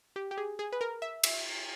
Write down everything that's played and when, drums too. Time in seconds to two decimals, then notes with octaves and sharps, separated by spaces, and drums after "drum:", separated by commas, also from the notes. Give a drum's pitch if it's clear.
0.16 G4
0.31 G4
0.38 G#4
0.59 G#4
0.72 B4
0.81 A#4
1.02 E5
1.24 E5, drum: cymbal